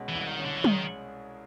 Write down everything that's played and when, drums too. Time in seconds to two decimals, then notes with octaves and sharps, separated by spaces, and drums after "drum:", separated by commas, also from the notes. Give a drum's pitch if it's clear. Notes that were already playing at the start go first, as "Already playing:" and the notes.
Already playing: C2 B2 G#3 C#4
0.09 E3
0.15 C2
0.27 D#3
0.39 C#4
0.45 D3
0.57 E3
0.64 D#3 G#3, drum: tom